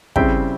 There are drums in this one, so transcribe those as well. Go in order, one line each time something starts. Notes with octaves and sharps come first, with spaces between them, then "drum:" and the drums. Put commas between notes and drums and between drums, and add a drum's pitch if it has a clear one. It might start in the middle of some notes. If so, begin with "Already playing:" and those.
C#3 G3 C4 E4 E5 G5, drum: kick